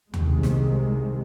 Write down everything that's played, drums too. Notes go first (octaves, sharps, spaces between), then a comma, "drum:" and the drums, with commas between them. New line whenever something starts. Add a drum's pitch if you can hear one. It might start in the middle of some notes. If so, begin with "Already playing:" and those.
C2 C3 D#3 G#3, drum: tom D#2
drum: snare